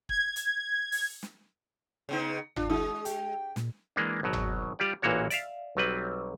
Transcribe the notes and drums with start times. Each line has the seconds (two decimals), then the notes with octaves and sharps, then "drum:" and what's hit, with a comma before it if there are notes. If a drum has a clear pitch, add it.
0.09 G#6, drum: kick
0.36 drum: hi-hat
0.92 drum: open hi-hat
1.23 drum: snare
2.09 C#3 B3 D#4
2.56 D4 F4, drum: tom G1
2.70 E3 G#3 E4 F#4 D#6
3.05 G4 G5, drum: hi-hat
3.56 A#2, drum: snare
3.96 E3 G#3 A#3 D4
4.23 G#1 B2 F#3
4.33 drum: tom G1
4.79 G3 F4 G4 D5
5.02 A1 A#2 E3 A#3 F#4 C#5
5.30 D5 E5 F5, drum: hi-hat
5.77 B1 F#3 G3 C4 B4